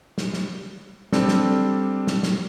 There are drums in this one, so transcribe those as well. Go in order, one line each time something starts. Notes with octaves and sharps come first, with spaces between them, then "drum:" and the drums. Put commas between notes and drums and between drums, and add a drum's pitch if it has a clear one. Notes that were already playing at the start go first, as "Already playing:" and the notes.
drum: snare
drum: snare
G3 C4 D4 A4, drum: snare
drum: snare
drum: snare
drum: snare